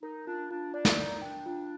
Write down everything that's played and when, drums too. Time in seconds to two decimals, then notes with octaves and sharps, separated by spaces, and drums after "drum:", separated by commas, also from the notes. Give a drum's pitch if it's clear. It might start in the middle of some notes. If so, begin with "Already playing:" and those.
0.02 D#4 A#4
0.27 D4 F4
0.51 D4 F4
0.74 D4 D5
0.85 drum: snare
0.98 D#4 A#4
1.22 D4 G5
1.46 D4 F4